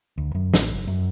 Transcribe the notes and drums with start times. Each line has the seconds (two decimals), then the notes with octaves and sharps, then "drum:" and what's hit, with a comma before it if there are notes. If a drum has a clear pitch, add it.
0.18 D2
0.35 F#2
0.54 A1, drum: snare
0.73 F#1
0.87 F#2